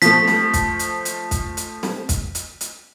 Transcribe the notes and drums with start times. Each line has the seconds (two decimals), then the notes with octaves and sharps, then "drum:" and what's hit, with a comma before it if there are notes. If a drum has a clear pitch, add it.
0.02 F3 A3 B6, drum: hi-hat
0.28 drum: snare
0.53 drum: kick, hi-hat
0.79 drum: hi-hat
1.05 drum: hi-hat
1.31 drum: kick, hi-hat
1.57 drum: hi-hat
1.83 drum: snare
2.09 drum: kick, hi-hat
2.35 drum: hi-hat
2.61 drum: hi-hat